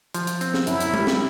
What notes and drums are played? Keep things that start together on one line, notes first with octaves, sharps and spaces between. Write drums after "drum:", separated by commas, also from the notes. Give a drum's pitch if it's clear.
F3, drum: hi-hat
drum: hi-hat
C4, drum: hi-hat
drum: snare
F#2 E4, drum: hi-hat
drum: hi-hat
G3, drum: tom G#3
drum: snare